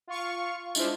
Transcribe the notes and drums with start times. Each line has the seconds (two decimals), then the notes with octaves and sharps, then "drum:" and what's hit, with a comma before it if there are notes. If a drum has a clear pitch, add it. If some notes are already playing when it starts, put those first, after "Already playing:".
0.07 F4 F5 C#6
0.75 G#3 D4 E4 F4 C5, drum: tambourine